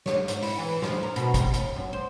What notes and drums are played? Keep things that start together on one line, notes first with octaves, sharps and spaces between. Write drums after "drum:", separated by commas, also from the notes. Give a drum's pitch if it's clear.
C#5, drum: snare
G#2, drum: hi-hat
E4, drum: open hi-hat
E3
F3, drum: snare
A#4
B2, drum: hi-hat
F2, drum: kick, hi-hat
D#2, drum: hi-hat
F#2
C5